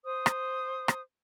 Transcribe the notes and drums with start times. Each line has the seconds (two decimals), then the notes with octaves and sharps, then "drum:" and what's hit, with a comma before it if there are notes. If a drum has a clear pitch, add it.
0.05 C5 D#6
0.26 drum: rim click
0.88 drum: rim click